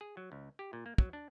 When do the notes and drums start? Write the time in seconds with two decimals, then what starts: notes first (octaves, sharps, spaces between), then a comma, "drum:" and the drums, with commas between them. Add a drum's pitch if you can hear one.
0.01 G#4
0.17 F#3
0.32 C#2
0.59 G4
0.73 A#2
0.86 A#3
0.98 F#3, drum: kick
1.13 D4